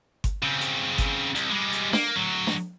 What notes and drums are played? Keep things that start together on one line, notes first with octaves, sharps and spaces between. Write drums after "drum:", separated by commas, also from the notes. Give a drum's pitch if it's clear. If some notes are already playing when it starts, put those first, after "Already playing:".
drum: kick G1, hi-hat
C#3 C4
drum: hi-hat
drum: kick G1, hi-hat
C2, drum: hi-hat
G3 G#3
drum: hi-hat
A#3, drum: snare D4
D2 F#3
drum: snare D4